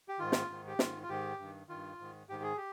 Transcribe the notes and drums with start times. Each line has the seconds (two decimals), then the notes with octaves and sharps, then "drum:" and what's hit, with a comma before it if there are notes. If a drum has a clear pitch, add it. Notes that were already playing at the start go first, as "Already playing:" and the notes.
0.09 G4
0.19 G#2 D#3 F4
0.32 drum: snare
0.50 G#2 D#3
0.67 G4
0.79 G#2 D#3 F4, drum: snare
1.02 F4
1.09 G#2 D#3 G4
1.39 G2 D#3
1.69 G2 D#3 F4
1.99 G#2 D#3
2.29 G#2 D#3 G4
2.43 G#4
2.57 G4